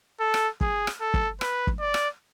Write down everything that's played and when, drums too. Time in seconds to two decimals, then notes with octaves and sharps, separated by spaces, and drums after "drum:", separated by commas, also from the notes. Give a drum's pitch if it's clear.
0.20 A4
0.34 drum: rim click
0.61 G#4, drum: kick
0.87 drum: rim click
1.01 A4
1.14 drum: kick
1.41 B4, drum: rim click
1.67 drum: kick
1.80 D5
1.94 drum: rim click